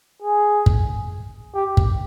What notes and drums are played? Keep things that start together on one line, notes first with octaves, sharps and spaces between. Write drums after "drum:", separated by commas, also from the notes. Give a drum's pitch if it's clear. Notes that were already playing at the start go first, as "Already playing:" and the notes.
G#4
drum: kick
G4
drum: kick